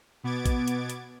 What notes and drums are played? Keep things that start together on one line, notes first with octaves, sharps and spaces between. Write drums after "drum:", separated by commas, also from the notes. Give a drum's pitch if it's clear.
B2 B3 D6 G#6 A6 D7
drum: kick, hi-hat
drum: hi-hat
drum: hi-hat